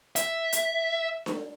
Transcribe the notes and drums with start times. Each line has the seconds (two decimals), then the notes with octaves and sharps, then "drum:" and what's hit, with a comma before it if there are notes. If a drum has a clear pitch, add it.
0.16 E5, drum: hi-hat
0.53 drum: hi-hat
1.26 drum: snare D4